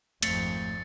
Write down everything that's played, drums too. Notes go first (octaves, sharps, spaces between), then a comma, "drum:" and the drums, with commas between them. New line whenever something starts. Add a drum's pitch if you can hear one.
G#1 F2 A3 A6 C7 C#7, drum: cymbal